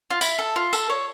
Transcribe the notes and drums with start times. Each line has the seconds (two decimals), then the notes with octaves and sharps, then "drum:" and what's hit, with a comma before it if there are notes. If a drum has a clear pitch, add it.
0.10 F4
0.21 E4, drum: tambourine
0.39 A4
0.56 F4
0.73 A4, drum: tambourine
0.90 C#5